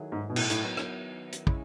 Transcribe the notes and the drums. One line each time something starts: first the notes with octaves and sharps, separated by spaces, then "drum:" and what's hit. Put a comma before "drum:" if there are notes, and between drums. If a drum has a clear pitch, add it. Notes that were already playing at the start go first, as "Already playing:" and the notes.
Already playing: D#3 F#3 A3 E4 G#4
G#2
B2
A2, drum: cymbal
A2, drum: hi-hat
D#3 F#3 B3 E4
drum: rim click
drum: hi-hat
C#3 G#3 C#4 E4, drum: kick